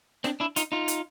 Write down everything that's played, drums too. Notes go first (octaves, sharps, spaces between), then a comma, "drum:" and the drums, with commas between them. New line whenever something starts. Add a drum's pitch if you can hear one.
C4 D4, drum: snare
D4 E4
D#4 F4, drum: hi-hat
D#4 F4
drum: hi-hat